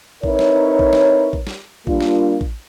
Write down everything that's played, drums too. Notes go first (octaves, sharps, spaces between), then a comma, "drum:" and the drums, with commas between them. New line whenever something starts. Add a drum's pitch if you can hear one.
C4 D#4 E4 A#4 B4 C#5, drum: kick A1
drum: snare
drum: kick A1
drum: snare
drum: kick A1
drum: snare
G3 A#3 D4 F4, drum: kick A1
drum: snare
drum: kick A1